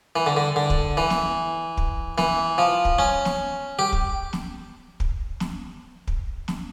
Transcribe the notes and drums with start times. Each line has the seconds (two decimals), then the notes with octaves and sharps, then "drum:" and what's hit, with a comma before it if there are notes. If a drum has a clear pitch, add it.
0.16 E3
0.26 D3
0.37 D3
0.56 D3
0.70 drum: kick
0.97 E3
1.10 drum: snare
1.77 drum: kick
2.18 E3, drum: snare
2.58 F3
2.85 drum: kick
2.99 C#4
3.25 drum: snare
3.79 G4
3.92 drum: kick
4.33 drum: snare
5.00 drum: kick
5.40 drum: snare
6.07 drum: kick
6.48 drum: snare